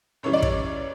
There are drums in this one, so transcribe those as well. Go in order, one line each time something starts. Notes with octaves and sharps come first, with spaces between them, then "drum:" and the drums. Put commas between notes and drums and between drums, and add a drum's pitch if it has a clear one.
F#2 C#3 E3 G3 C#5
D5
C#5, drum: kick